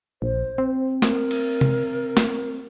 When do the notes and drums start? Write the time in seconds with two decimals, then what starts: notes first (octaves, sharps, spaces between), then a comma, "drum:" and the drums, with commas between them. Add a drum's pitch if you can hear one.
0.22 A#1 C5
0.58 C4
1.02 A#4, drum: snare
1.31 drum: cymbal
1.61 drum: tom C3
2.17 drum: snare